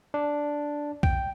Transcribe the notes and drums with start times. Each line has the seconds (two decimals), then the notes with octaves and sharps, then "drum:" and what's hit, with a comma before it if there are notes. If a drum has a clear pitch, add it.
0.14 D4
1.03 G5, drum: kick